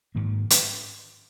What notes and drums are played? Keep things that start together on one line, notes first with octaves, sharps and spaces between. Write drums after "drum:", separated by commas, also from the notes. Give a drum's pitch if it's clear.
G#2 D#3 A#3
drum: hi-hat